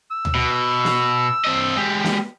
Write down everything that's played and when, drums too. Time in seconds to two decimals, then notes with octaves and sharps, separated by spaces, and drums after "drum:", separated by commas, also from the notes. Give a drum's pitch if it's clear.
0.11 E6
0.25 drum: tom D2
0.35 B2
0.85 drum: snare
1.44 C4 D#5
1.76 G#3 G4
2.04 drum: snare